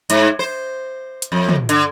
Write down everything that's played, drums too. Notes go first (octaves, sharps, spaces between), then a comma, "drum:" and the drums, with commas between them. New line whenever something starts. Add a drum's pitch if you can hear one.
G#2, drum: hi-hat
C5
drum: hi-hat
F2
drum: tom
D3, drum: hi-hat